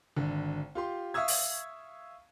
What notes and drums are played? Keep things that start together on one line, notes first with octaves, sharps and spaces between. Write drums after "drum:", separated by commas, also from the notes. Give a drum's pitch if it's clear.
G#1 D3
F4 G4 C6
E5 F5 C#6 D#6 E6 G#6
drum: open hi-hat